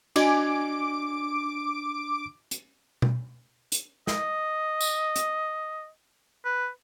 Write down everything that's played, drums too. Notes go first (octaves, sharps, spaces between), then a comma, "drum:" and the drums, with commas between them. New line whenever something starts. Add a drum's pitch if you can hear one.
D4 F#4 D#5 G#5 D6 D7, drum: cymbal
drum: hi-hat
drum: tom B2
drum: hi-hat
D#5, drum: snare
drum: tambourine
drum: hi-hat
B4